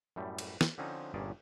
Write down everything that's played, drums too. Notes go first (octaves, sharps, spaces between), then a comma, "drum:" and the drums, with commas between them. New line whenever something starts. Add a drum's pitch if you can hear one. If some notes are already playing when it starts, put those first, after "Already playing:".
F#2 A2 G3 A3
drum: cymbal
drum: snare
D3 F3 C4 C#4 D#4
G1 G2 A#2 C#4 G#4 D5